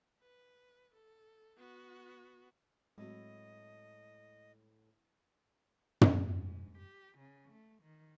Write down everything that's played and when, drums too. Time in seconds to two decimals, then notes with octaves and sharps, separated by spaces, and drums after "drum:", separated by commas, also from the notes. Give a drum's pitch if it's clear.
0.20 B4
0.93 A4
1.57 B3 F#4
2.98 A2 F#3 G#3 C4 F#4 D#5
6.01 drum: tom
6.34 G#2
6.78 G4
7.18 C#3
7.51 A3
7.82 D#3